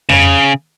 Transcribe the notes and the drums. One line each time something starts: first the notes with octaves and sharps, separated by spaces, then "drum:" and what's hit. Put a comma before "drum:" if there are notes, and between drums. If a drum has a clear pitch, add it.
C#3, drum: tom F2